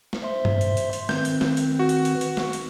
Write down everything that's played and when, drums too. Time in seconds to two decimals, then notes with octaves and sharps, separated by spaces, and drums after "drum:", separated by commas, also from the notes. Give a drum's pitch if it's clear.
0.13 drum: snare A3
0.22 C5 E5 C6
0.45 drum: tom G2
0.61 drum: hi-hat
0.77 drum: hi-hat
0.93 drum: hi-hat
1.09 D#3 C4 B4 G6, drum: snare A3
1.25 drum: hi-hat
1.41 drum: snare A3
1.57 drum: hi-hat
1.79 F#4
1.89 drum: hi-hat
2.05 drum: hi-hat
2.21 drum: hi-hat
2.37 drum: snare A3
2.53 drum: hi-hat